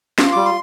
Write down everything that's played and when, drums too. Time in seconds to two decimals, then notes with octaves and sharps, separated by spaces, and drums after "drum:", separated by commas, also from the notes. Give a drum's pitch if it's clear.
0.18 F4 C6, drum: snare
0.32 G3 D6
0.45 C6